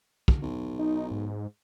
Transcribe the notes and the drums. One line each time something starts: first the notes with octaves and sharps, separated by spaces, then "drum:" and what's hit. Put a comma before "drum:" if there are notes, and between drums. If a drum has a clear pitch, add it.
drum: kick
B1
D#4
G#2